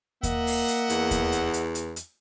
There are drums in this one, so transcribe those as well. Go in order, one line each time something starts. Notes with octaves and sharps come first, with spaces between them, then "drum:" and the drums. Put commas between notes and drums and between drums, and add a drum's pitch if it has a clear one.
A#3 D#5 E5 F#5, drum: kick D#2, hi-hat
drum: open hi-hat
drum: hi-hat
E2, drum: hi-hat
drum: kick D#2, hi-hat
drum: hi-hat
drum: hi-hat
drum: hi-hat
drum: hi-hat